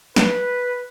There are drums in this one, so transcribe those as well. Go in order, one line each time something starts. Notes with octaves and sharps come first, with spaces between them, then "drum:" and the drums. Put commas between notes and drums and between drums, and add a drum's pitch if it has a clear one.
B4, drum: snare